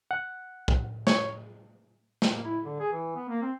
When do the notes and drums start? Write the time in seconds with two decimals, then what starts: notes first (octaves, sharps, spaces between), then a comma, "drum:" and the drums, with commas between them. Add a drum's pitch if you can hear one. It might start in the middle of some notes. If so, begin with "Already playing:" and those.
0.11 F#5
0.68 drum: kick
1.07 C#5, drum: snare
2.22 drum: snare
2.33 A#3
2.45 E4
2.65 D3
2.80 G#4
2.93 E3
3.16 B3
3.29 A#3
3.42 C4